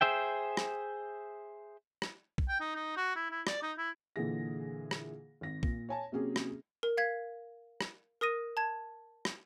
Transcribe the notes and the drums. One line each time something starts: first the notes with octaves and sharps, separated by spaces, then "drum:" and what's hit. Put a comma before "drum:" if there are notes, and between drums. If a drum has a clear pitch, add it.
G#4 C5 E5 G5
drum: rim click
drum: rim click
drum: kick
G5
D#4
D#4
F#4
E4
E4
D5, drum: rim click
D#4
E4
A#2 D3 E3 G#4 A#6
drum: rim click
G#1 A#6
A#2, drum: kick
C#5 G#5 A5
C3 F#3 A#3 C#4 G4 G#4
drum: rim click
A#4
F5 G#6 B6
drum: rim click
A#4 D#6 A#6 D#7
A5 G#6
drum: rim click